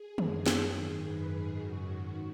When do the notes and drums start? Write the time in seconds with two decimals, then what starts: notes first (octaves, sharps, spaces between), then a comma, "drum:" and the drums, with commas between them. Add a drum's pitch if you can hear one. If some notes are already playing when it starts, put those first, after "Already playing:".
Already playing: G#4
0.18 F#2 D#3, drum: tom
0.46 F#2 D#3 G#4, drum: snare
0.75 G#2 D#3
1.03 F#2 D#3 B4
1.32 G#2 D#3 G#4
1.59 F#2 C#3 F#4
1.88 G#2 D#3